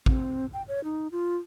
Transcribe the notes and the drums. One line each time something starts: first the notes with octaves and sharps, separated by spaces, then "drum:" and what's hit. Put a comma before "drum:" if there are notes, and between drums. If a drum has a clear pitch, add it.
C4, drum: kick A1
G5
C#5
D#4
F4